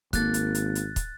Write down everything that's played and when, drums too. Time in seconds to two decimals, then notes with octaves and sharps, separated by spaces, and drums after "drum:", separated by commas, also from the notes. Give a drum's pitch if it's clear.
0.13 G#1 A#3 A4 F#6 A6, drum: kick, hi-hat
0.34 drum: hi-hat
0.55 drum: hi-hat
0.75 drum: hi-hat
0.96 drum: kick, hi-hat